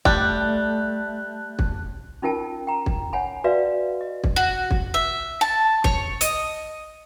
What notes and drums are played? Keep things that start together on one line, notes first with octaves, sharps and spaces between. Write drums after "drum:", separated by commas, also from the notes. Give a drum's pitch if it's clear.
G3 A3 A5 F#6, drum: kick
drum: kick
C#4 D#4 F4 A#4 G5 A5
G5 A#5
drum: kick
C#5 F#5 G#5 B5
F#4 B4 D5 E5 F5
D#5
drum: kick
F#4
drum: kick
E5
A5
C#5, drum: kick
D#5, drum: hi-hat